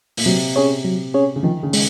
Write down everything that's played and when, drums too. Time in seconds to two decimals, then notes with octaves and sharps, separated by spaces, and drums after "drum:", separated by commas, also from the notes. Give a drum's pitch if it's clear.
0.17 A#2, drum: open hi-hat
0.26 C3 F#3
0.56 C#4 G#4 C#5
0.85 F#3
1.14 C#4 G#4 C#5
1.36 C#3
1.43 D#3 F3
1.63 C#3
1.73 G#3, drum: open hi-hat